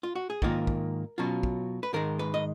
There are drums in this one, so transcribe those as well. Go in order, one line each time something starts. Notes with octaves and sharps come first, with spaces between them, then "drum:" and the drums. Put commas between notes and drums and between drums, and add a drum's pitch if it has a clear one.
F4
F#4
G#4
G#2 D#3 A#3 F4 A#4, drum: kick
drum: kick
B2 F#3 C#4 F4
drum: kick
B4
G#2 D#3 G#3 A#4
B4
D#5